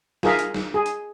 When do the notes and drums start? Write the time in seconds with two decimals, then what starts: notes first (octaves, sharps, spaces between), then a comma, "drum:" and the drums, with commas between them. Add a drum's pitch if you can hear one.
0.23 F4 G#4 A#4 E5 F5, drum: snare
0.39 drum: hi-hat
0.54 drum: snare
0.74 G#4
0.86 drum: hi-hat